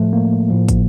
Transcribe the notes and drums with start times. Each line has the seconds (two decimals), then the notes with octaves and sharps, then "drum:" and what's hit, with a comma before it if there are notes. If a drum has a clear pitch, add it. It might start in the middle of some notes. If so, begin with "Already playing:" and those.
Already playing: A2 F3 A3
0.13 A#3
0.50 A2 F3
0.68 drum: kick, hi-hat